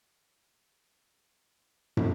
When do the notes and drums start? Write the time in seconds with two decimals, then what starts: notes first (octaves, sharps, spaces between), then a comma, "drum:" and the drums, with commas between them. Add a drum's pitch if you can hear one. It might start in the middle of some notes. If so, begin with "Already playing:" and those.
0.13 C3 G3 C4 D#4 F#4 A4
0.46 A#2
0.81 A2
1.50 B3 E4 A4
1.74 G2
1.97 drum: tom